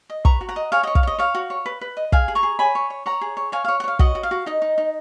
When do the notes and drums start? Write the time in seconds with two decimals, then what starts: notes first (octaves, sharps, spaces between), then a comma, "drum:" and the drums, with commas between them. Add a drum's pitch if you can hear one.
0.10 D#5
0.25 B4 A#5 C#6, drum: kick
0.41 F#4
0.49 F#5 A#5
0.56 D#5
0.72 C#5 F5 G#5
0.83 C#5 D#5 F#5
0.95 F5, drum: kick
1.03 C#5 D#5
1.18 C#5 F5
1.35 F#4
1.50 C#5
1.66 B4
1.81 B4
1.97 D#5
2.12 G#4 F5 G#5, drum: kick
2.28 G#4
2.35 A#5 C#6
2.43 G#4
2.59 C#5 G#5 B5
2.75 C#5
2.90 C#5
3.06 C#5 F#5 A#5
3.21 G#4
3.37 C#5
3.52 C#5 F5 G#5
3.65 C#5 F5
3.80 F#5
3.84 C#5 F5
3.99 F#4 D#5 F#5, drum: kick
4.15 F#4
4.23 F5
4.31 F#4
4.46 D#4 D#5
4.62 D#4
4.78 D#4